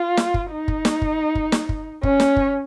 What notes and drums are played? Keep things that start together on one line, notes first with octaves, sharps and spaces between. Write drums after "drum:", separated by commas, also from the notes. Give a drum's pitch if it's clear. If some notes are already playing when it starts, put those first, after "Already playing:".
Already playing: F4
drum: snare
drum: kick
D#4
drum: kick
drum: snare
drum: kick
drum: kick
drum: snare
drum: kick
C#4, drum: kick
drum: snare
drum: kick